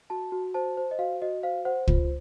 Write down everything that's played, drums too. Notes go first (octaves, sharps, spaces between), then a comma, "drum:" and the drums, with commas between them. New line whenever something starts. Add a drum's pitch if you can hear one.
F#4 A5
F#4
C5 A5
C5
D#5
F#4 F5
F#4 D#5
C5 F5
C5 F#5
F4, drum: kick